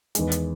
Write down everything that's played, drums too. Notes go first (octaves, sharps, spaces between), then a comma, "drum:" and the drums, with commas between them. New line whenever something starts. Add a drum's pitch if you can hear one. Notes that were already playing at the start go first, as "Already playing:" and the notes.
E2 D#3 G#3, drum: hi-hat
drum: hi-hat